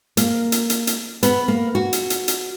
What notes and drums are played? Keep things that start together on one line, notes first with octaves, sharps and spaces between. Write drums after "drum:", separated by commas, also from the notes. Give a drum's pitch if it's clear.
A#3, drum: hi-hat
drum: hi-hat
drum: hi-hat
drum: hi-hat
B3, drum: hi-hat
A#3
F#4
drum: hi-hat
drum: hi-hat
drum: hi-hat